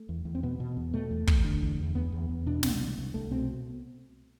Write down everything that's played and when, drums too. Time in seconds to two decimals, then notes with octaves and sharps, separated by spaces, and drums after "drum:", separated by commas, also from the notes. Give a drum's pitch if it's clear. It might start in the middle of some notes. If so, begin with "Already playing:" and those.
Already playing: A3
0.09 E2
0.25 E2
0.35 C4
0.43 B2 B3
0.60 B2
0.77 E2
0.93 B2 A3
1.11 E2
1.27 E2, drum: kick
1.44 D3
1.61 E2
1.79 E2
1.95 E2 B3
2.12 E2
2.30 E2
2.46 B2 D4
2.63 C2, drum: snare
2.80 C2
2.98 C2
3.14 C2 A3
3.31 B2 C4